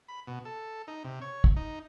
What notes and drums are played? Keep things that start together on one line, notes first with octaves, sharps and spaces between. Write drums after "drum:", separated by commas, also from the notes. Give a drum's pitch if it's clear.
B5
B2
A4
D#4
C3
C#5
drum: kick
D#4